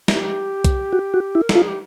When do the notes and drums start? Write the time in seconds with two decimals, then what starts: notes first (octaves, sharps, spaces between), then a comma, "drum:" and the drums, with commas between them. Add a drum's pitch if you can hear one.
0.08 G4, drum: snare
0.64 drum: kick B1, hi-hat
0.93 F#4
1.14 F#4
1.35 E4
1.41 A#4
1.49 A4, drum: snare
1.55 F4
1.59 G#4
1.68 G4